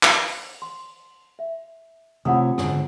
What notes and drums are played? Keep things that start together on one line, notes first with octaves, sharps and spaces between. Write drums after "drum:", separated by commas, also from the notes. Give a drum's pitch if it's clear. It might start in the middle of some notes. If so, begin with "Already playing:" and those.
drum: clap
drum: open hi-hat
C6
E5
C3 A3 F4 C#5 F#5 D#6
G#2 D3, drum: rim click